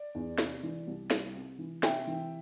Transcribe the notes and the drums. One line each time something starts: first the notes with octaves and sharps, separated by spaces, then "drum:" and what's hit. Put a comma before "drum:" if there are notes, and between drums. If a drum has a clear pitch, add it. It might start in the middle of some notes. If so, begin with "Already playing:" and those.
Already playing: D5
E2
C3, drum: snare
E3
C2
C2, drum: snare
C3
E3
C3 E5 G5, drum: snare
E3